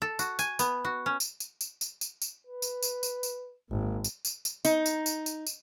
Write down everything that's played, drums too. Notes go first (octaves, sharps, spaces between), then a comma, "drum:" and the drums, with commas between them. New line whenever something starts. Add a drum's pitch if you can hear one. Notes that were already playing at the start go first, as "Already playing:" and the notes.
A4
F#4, drum: tambourine
G#5, drum: tambourine
B3, drum: tambourine
F#4
C#4
drum: tambourine
drum: tambourine
drum: tambourine
drum: tambourine
drum: tambourine
drum: tambourine
B4
drum: tambourine
drum: tambourine
drum: tambourine
drum: tambourine
G#1 A#3
drum: tambourine
drum: tambourine
drum: tambourine
D#4, drum: tambourine
drum: tambourine
drum: tambourine
drum: tambourine
drum: tambourine